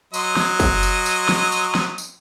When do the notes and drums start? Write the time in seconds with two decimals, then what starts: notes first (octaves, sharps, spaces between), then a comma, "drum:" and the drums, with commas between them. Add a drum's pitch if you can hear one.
0.14 F#3 D#5 C6, drum: tambourine
0.37 drum: snare
0.60 drum: kick, tambourine
0.83 drum: tambourine
1.06 drum: tambourine
1.29 drum: snare
1.52 drum: tambourine
1.75 drum: snare
1.98 drum: tambourine